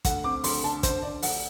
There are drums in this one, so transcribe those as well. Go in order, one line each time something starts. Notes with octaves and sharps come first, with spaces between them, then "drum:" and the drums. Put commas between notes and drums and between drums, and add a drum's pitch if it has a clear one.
D2 F#5, drum: kick, hi-hat
C4 D6
D2 C6, drum: open hi-hat
D3 A5
D3 C5, drum: kick, hi-hat
D3 D5
D2 F#5, drum: open hi-hat